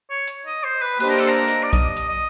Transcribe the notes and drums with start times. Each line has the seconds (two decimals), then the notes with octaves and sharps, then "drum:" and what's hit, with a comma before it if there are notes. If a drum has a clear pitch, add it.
0.10 C#5
0.28 drum: hi-hat
0.46 D#5
0.64 C5
0.81 B4
1.00 A#3 D4 G4 B4 C5 D#5, drum: hi-hat
1.09 A#4
1.19 A4
1.28 A#4
1.48 drum: open hi-hat
1.63 D5
1.73 D#5, drum: kick A#1, hi-hat
1.97 drum: hi-hat
2.09 D#5